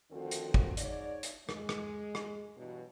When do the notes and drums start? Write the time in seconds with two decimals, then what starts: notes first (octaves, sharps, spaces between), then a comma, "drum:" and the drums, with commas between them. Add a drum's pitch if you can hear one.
0.11 D2 D#3 F3 C4 F#4 A4
0.31 drum: hi-hat
0.54 drum: kick
0.77 G#2 D#4 C#5 D5, drum: hi-hat
1.23 drum: hi-hat
1.49 G#3, drum: rim click
1.69 drum: rim click
2.15 drum: rim click
2.57 G2 B2 E3 F#3